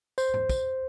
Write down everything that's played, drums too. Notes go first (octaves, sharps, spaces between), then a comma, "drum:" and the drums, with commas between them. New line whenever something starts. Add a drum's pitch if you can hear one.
C5, drum: tambourine
drum: tom G#2
drum: kick, tambourine